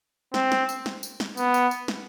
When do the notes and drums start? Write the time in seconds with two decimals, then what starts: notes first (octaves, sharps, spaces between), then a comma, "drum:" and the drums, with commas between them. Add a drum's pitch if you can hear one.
0.34 C4, drum: snare
0.52 drum: snare
0.69 drum: tambourine
0.86 drum: snare
1.03 drum: tambourine
1.20 drum: snare
1.37 B3, drum: tambourine
1.54 drum: tambourine
1.71 drum: tambourine
1.88 drum: snare